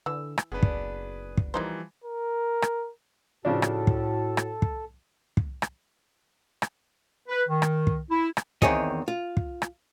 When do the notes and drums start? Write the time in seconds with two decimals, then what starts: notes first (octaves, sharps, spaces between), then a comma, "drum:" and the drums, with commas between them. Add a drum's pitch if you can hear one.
0.06 D3 E3 E6
0.38 drum: rim click
0.52 F#1 B3 D4 G#4 B4
0.63 drum: kick
1.37 drum: kick
1.54 E3 F3 G3 A#3 D#4 C5
2.04 A#4
2.62 drum: rim click
3.45 A2 C#3 F3 D4 F#4 A4
3.62 drum: rim click
3.87 drum: kick
4.37 drum: rim click
4.62 drum: kick
5.37 drum: kick
5.62 drum: rim click
6.62 drum: rim click
7.29 B4
7.49 D#3
7.62 drum: rim click
7.87 drum: kick
8.10 E4
8.37 drum: rim click
8.62 E2 D#3 C4 G#4 C#5 D#5, drum: kick
9.08 F4
9.37 drum: kick
9.62 drum: rim click